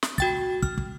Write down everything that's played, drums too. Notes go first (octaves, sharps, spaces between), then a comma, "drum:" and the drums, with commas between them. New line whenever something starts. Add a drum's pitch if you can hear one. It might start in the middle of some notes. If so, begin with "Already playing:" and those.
drum: snare
F#4 G5 A6, drum: kick
F6, drum: kick
drum: kick